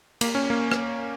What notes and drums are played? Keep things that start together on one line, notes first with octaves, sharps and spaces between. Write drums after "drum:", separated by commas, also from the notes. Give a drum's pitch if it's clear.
A#3, drum: cymbal
C#4
A#3
drum: rim click